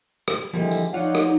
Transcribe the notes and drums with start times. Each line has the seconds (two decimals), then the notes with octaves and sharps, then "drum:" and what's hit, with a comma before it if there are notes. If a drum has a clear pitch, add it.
0.28 drum: rim click
0.53 D3 E3 F3 G3 G#3 A#3
0.71 drum: tambourine
0.93 F3 D#4 F4 C#5 D5 F#5
1.15 drum: rim click